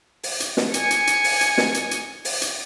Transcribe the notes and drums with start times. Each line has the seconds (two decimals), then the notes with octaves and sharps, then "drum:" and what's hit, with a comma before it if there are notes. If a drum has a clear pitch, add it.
0.23 drum: open hi-hat
0.40 drum: hi-hat
0.57 drum: snare
0.74 G#5 C#7, drum: hi-hat
0.91 drum: hi-hat
1.07 drum: hi-hat
1.24 drum: open hi-hat
1.41 drum: hi-hat
1.58 drum: snare
1.74 drum: hi-hat
1.91 drum: hi-hat
2.25 drum: open hi-hat
2.42 drum: hi-hat